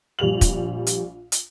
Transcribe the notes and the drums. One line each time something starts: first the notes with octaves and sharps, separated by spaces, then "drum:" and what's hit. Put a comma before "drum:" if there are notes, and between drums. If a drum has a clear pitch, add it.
A#1 G3 F7 F#7
drum: kick, hi-hat
drum: hi-hat
drum: hi-hat